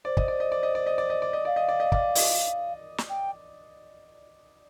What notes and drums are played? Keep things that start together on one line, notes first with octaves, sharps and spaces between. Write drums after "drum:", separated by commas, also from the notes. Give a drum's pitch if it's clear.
C5 D5
D#5, drum: kick
D5
D#5
D5
D#5
D5
D#5
D5
D#5
D5
D#5
D5 F5
D#5
D5
D#5
D5, drum: kick
D#5, drum: open hi-hat
drum: snare
G5